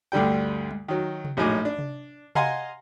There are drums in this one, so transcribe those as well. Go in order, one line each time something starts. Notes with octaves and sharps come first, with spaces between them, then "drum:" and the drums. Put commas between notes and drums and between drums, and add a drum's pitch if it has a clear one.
D2 G2 D3 G3 G5
drum: tom G3
D#3 F#3
drum: tom C3
A#1 A2 F#3 D#4 G#5 D6
D4
drum: tom C3
D#5 F5 F#5 G#5 A#5 C6, drum: tom C3